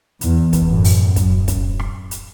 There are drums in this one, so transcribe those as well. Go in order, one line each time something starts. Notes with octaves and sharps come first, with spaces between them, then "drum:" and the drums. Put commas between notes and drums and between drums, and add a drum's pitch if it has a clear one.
E2, drum: hi-hat
drum: kick, hi-hat
F#2 A2
drum: open hi-hat
F#2, drum: kick, hi-hat
drum: kick, hi-hat
drum: rim click
drum: hi-hat